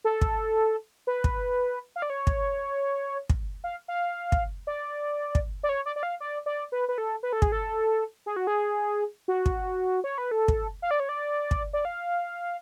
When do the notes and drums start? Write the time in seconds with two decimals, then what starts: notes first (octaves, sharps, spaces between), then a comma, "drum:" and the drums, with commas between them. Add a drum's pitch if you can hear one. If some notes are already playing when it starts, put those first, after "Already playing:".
0.05 A4
0.21 drum: kick
1.07 B4
1.24 drum: kick
1.96 F5
2.02 D5
2.10 C#5
2.27 drum: kick
3.30 drum: kick
3.64 F5
3.88 F5
4.32 drum: kick
4.67 D5
5.35 drum: kick
5.63 D5
5.69 C#5
5.86 D5
5.96 D5
6.03 F5
6.20 D5
6.46 D5
6.72 B4
6.89 B4
6.98 A4
7.23 B4
7.33 A4
7.42 G#4, drum: kick
7.52 A4
8.26 G#4
8.36 F#4
8.47 G#4
9.28 F#4
9.46 drum: kick
10.04 C#5
10.18 B4
10.31 A4
10.48 drum: kick
10.82 F5
10.91 D5
11.00 C#5
11.09 D5
11.51 drum: kick
11.73 D5
11.85 F5